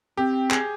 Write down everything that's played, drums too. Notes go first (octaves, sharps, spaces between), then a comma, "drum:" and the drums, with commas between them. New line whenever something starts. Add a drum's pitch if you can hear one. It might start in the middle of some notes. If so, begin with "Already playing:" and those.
C4 G4
G#4, drum: clap